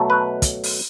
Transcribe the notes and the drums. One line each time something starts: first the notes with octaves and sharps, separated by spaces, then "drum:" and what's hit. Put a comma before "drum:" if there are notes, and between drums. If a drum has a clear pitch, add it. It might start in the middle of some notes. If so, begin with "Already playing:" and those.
Already playing: B2 F#3 A3
B4
drum: kick, hi-hat
drum: open hi-hat